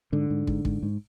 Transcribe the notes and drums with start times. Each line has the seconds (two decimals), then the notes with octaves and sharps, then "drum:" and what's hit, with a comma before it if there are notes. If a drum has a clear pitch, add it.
0.12 G#2 D3
0.30 G#2
0.47 G#2, drum: kick
0.65 G#2, drum: kick
0.83 G#2